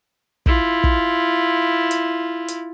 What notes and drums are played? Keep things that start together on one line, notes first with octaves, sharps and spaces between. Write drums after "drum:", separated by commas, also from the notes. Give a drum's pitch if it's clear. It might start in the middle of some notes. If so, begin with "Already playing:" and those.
E4 F4, drum: kick
drum: kick
drum: hi-hat
drum: hi-hat